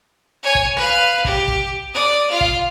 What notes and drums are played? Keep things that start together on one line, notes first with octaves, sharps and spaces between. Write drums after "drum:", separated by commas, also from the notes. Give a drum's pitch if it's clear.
C#5 G#5
drum: kick
B4 F5, drum: rim click
G4, drum: kick
drum: kick
D5 D#6
F4 F5
drum: kick